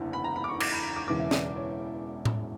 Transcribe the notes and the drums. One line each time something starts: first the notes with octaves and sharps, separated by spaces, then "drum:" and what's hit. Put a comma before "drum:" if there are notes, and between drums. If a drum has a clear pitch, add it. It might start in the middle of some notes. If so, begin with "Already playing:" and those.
Already playing: F#1 E2 D3
B5
A#5
B5
D6
C#6
D6, drum: cymbal
B5
D6
E1 E2 C#3 E3 D6
E5
D5, drum: snare
C#5
drum: tom A2